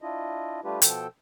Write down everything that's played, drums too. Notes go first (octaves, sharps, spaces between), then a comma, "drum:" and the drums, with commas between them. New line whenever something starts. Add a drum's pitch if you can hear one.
D4 E4 F4 D#5
G3 A3 D4 F4 G4 B4
B2 F3 A4 G5 E6 G6, drum: hi-hat